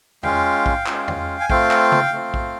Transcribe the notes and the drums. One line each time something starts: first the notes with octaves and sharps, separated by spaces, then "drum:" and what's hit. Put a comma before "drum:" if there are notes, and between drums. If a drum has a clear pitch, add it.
G#3 C#4 F4 F5 G5, drum: tom E2
drum: kick A#1
G#3 C#4 F4, drum: clap
drum: tom E2
G#5
A3 C4 F4 F5 G5, drum: kick A#1
drum: clap
drum: tom C#3
A3 C4 F4
drum: kick A#1